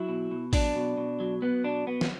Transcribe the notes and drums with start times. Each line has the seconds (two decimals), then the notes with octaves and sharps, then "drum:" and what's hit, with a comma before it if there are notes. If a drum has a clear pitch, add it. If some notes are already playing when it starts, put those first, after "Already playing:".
Already playing: F#3 E4
0.09 B2
0.31 B2
0.53 F#3 D4, drum: kick A1, open hi-hat
0.76 B2
0.98 B2
1.20 F#3
1.42 F#3 B3
1.64 B2 D4
1.87 B2 B3
2.01 drum: snare